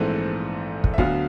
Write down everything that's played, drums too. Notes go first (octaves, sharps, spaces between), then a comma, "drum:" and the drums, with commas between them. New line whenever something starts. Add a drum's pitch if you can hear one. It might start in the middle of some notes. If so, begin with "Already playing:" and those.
Already playing: A#1 G#2 E3 A3 C4
drum: kick
E5
D2 D3 F#3 B3 F5, drum: kick